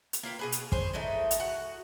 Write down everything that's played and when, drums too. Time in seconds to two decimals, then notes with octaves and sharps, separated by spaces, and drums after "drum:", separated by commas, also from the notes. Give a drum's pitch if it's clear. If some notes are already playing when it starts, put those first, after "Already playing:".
0.13 drum: hi-hat
0.23 A#3 F4 B4 G5
0.39 B2 G#4 B4
0.52 drum: hi-hat
0.72 G#4 C5 C#5, drum: kick
0.93 E3 G#3 A3 D#4
1.31 drum: hi-hat
1.40 F#4 F#5